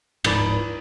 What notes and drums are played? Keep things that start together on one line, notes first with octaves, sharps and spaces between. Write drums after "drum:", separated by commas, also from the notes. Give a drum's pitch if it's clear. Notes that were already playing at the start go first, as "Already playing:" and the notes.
D1 G#2 F3 D#4 D5 B5, drum: cymbal